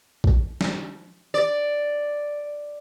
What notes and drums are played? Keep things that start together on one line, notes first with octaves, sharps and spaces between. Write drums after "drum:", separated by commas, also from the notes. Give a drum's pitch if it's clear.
drum: kick A#1
drum: snare
D5